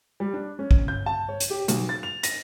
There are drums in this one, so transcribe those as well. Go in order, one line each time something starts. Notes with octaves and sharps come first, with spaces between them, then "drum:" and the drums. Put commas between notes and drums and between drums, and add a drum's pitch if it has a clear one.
G3
D4
C#4
drum: kick
G6
A5
C#5
drum: hi-hat
G4
B1, drum: hi-hat
A6
F7
A#6, drum: hi-hat